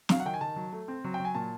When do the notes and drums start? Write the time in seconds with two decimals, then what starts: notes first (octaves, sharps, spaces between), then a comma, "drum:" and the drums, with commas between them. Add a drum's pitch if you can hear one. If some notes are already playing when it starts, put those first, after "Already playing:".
0.09 F#3 F5, drum: snare
0.20 F#5
0.25 D#3 G5
0.34 G#5
0.41 D#3 A5
0.56 F#3
0.73 A3
0.88 C4
1.04 F#3
1.14 G5
1.20 F#3
1.25 G#5
1.35 A#2 A5